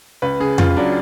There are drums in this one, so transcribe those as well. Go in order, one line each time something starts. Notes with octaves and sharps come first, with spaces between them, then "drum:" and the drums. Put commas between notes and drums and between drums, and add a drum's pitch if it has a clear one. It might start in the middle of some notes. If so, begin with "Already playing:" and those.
C#2 B4
C#3 G#4
C#2 F4, drum: tom F2
F#3 D4